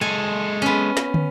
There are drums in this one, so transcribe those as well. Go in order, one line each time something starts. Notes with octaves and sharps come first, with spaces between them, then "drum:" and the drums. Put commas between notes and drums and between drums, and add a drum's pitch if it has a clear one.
G#3 A4 G#5
B3 C#4
drum: snare
drum: tom